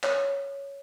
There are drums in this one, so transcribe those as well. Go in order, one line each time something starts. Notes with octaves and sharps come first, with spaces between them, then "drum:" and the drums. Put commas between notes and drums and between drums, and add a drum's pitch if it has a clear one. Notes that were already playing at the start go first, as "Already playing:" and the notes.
C#5, drum: clap